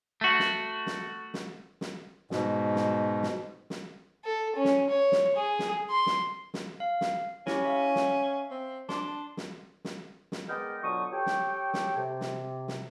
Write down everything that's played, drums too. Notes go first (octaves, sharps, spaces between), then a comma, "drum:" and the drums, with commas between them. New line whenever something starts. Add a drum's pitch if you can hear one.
A3 F#4
drum: snare
drum: snare
drum: snare
drum: snare
G#2 B2, drum: snare
drum: snare
drum: snare
drum: snare
A4
C#4
drum: snare
C#5
drum: snare
G#4
drum: snare
C6
drum: snare
drum: snare
F5
drum: snare
C#4 E4 G4 C#6, drum: snare
E5 F5
drum: snare
C4
D4 A5 C6, drum: snare
drum: snare
drum: snare
drum: snare
G#3 B3 A#4 D5 D#5 G5
B2 D3 F#3 F4 C#6 D#6
G4 A4 C#5 G5
drum: snare
drum: snare
C3
drum: snare
drum: snare